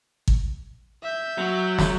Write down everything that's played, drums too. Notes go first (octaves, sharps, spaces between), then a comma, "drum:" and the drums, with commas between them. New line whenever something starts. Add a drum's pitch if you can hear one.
drum: kick
E5 G6
F#3
drum: snare